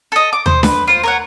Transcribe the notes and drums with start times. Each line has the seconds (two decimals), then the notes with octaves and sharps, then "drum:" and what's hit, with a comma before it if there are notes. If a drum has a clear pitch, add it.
0.12 A4 D#5
0.33 D6
0.46 C5, drum: tom D#2
0.63 B4, drum: snare D4
0.87 F4 C5
1.03 A#4 C#5 F#5